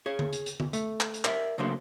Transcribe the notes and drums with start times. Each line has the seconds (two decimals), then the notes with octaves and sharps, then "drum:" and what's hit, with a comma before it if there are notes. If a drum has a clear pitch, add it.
0.06 G#4 C#5
0.19 drum: tom D3
0.33 drum: hi-hat
0.46 drum: hi-hat
0.60 drum: tom D3
0.73 A3, drum: hi-hat
1.00 drum: clap
1.14 drum: hi-hat
1.25 A#4 D5 E5, drum: clap
1.58 C#3 F#3 A3 A#3 D4 C5